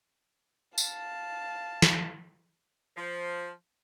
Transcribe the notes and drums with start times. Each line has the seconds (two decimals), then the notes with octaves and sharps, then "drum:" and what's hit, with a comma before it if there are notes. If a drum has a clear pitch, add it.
0.78 F5 A5, drum: tambourine
1.82 drum: snare
2.97 F3